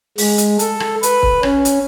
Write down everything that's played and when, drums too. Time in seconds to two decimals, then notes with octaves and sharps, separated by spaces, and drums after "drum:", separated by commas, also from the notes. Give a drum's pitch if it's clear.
0.18 G#3, drum: open hi-hat
0.38 drum: hi-hat
0.59 A4, drum: hi-hat
0.80 drum: rim click
1.03 B4, drum: hi-hat
1.23 drum: kick
1.43 C#4, drum: rim click
1.65 drum: hi-hat